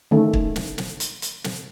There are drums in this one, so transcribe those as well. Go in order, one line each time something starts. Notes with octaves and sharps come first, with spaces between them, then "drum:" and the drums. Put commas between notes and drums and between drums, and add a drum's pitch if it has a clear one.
D#3 A3 C#4
drum: kick
drum: snare
drum: snare
drum: hi-hat
drum: hi-hat
drum: snare